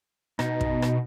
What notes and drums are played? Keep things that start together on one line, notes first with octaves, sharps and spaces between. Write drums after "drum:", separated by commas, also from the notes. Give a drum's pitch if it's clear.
B2 D#4, drum: rim click
drum: kick
drum: rim click